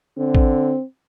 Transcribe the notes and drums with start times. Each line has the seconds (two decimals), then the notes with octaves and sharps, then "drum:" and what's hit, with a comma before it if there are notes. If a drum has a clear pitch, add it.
0.18 D3 C4
0.35 drum: kick A1